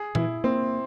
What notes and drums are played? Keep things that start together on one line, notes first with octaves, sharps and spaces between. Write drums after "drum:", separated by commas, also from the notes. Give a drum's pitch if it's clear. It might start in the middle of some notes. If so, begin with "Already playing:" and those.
Already playing: G#4
E3 E4, drum: tom A#2
A#3 C4